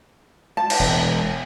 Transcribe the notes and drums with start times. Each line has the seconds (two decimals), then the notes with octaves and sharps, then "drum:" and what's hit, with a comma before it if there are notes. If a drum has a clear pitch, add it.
0.57 A5
0.70 drum: cymbal
0.80 E1